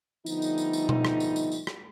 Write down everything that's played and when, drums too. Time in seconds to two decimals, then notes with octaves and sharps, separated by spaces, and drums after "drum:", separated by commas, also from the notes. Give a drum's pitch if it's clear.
0.26 D3 F3 G3 A3 B3 D#4, drum: tambourine
0.42 drum: tambourine
0.58 drum: tambourine
0.73 drum: tambourine
0.89 drum: tom B2
1.05 drum: rim click
1.20 drum: tambourine
1.36 drum: tambourine
1.52 drum: tambourine
1.67 drum: rim click